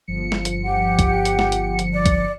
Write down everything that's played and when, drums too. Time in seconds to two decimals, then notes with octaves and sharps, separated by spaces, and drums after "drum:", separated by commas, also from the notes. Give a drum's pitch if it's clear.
0.08 G1 F3 C#7
0.32 drum: snare
0.45 drum: hi-hat
0.64 G4 F#5
0.99 drum: kick B1, hi-hat
1.25 drum: hi-hat
1.39 drum: snare
1.52 drum: hi-hat
1.79 drum: hi-hat
1.92 D5
2.06 drum: kick B1, hi-hat